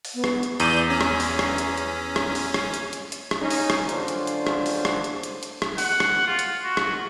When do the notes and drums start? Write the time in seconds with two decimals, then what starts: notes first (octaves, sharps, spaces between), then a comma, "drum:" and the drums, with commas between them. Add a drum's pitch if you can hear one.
0.05 drum: open hi-hat
0.15 B3
0.24 drum: rim click
0.43 drum: hi-hat
0.60 E2 D5 G6 D#7, drum: hi-hat
0.90 C#4
1.01 drum: rim click
1.20 drum: open hi-hat
1.39 drum: rim click
1.58 drum: hi-hat
1.78 drum: hi-hat
2.16 drum: rim click
2.35 drum: open hi-hat
2.54 drum: rim click
2.74 drum: hi-hat
2.93 drum: hi-hat
3.12 drum: hi-hat
3.31 drum: rim click
3.41 C#4 D#4
3.50 drum: open hi-hat
3.70 drum: rim click
3.89 F#2 D3 C#4 D4 F4 C5, drum: hi-hat
4.08 drum: hi-hat
4.27 drum: hi-hat
4.47 drum: rim click
4.66 drum: open hi-hat
4.85 drum: rim click
5.04 drum: hi-hat
5.23 drum: hi-hat
5.43 drum: hi-hat
5.62 drum: rim click
5.78 F#5, drum: open hi-hat
6.00 drum: rim click
6.27 F4
6.39 drum: hi-hat
6.64 F#4
6.77 drum: rim click